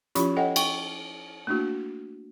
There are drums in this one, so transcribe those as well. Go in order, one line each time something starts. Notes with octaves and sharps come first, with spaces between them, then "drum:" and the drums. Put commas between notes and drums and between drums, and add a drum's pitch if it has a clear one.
F3 C#4 E4 F4 G4 B5, drum: hi-hat
A4 C#5 D#5 F#5 G5
G5 C#6, drum: cymbal
A3 A#3 D4 E4 F#4